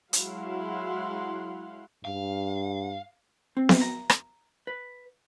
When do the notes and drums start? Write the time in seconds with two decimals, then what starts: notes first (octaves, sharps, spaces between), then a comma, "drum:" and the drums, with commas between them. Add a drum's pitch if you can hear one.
0.13 F#3 G#3 E4 F5 F#5 C6, drum: hi-hat
2.05 G2 F5
3.57 C4
3.69 drum: snare B3
3.81 A#5
4.10 drum: rim click
4.67 B4